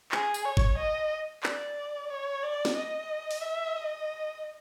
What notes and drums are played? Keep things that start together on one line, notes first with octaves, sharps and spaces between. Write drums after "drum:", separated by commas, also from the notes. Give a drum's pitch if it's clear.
G#4, drum: clap
drum: tambourine
C#5
drum: kick
D#5
D5, drum: clap
C#5
D5
drum: snare
D#5
drum: open hi-hat
E5
D#5